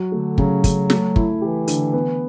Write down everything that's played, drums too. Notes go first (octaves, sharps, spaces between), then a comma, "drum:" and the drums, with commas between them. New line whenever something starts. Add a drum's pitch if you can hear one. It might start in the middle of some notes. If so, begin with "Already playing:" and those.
Already playing: F#3
D3 A3
C#3 F#3, drum: kick
C#3, drum: kick, hi-hat
A3, drum: snare
E4, drum: kick
E3 G4
D3, drum: hi-hat
B3